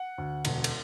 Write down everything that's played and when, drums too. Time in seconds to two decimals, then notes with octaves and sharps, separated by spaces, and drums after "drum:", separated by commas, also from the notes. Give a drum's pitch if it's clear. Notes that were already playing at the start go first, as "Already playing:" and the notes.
Already playing: F#5
0.18 D2
0.45 E1, drum: cymbal
0.64 drum: cymbal